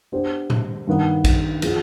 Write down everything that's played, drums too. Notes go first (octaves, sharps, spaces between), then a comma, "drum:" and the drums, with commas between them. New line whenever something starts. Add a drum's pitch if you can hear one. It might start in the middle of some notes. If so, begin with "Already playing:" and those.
B3 D4 G4 C5
drum: tom A2
G2 D#3 B3
drum: kick A#1, cymbal
F3 B3 F4 G#4, drum: cymbal